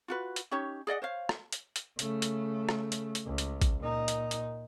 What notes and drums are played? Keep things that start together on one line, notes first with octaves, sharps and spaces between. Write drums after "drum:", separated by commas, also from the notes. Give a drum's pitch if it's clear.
F4 F#4 B4
drum: hi-hat
C#4 D#4 G4 C#5
G#4 D5 D#5 F#5
C5 C#5 F5
drum: rim click
drum: hi-hat
drum: hi-hat
C#3 A3, drum: hi-hat
drum: hi-hat
drum: rim click
drum: hi-hat
drum: hi-hat
C#2
drum: hi-hat
drum: kick A1, hi-hat
A#2 D#4
drum: hi-hat
drum: hi-hat